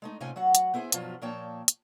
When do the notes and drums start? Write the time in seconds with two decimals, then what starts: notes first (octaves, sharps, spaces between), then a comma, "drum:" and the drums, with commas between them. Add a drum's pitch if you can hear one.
0.02 G#3 A3 D#4
0.20 A2 C3 C#4 D#4 F4 G#5
0.36 F#3 F#4 F#5
0.55 drum: hi-hat
0.74 B3 E4 G#4 C5 G#5
0.92 G2 B2 F3 F#3 F4, drum: hi-hat
1.22 A#2 F3 A#3 C#5 G5 A5
1.68 drum: hi-hat